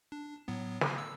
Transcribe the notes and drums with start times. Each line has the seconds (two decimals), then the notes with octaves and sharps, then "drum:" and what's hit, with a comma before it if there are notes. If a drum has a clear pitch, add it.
0.12 D4
0.48 A2 F#3 B3
0.81 G#5, drum: snare
0.98 E6